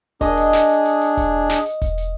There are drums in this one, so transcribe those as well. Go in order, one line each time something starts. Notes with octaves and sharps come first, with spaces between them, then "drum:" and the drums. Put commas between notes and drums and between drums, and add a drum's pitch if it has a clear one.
D4 G#4 D#5, drum: kick E1, hi-hat
drum: hi-hat
drum: snare
drum: hi-hat
drum: hi-hat
drum: hi-hat
drum: kick E1, hi-hat
drum: snare
drum: hi-hat
drum: kick E1, hi-hat
drum: hi-hat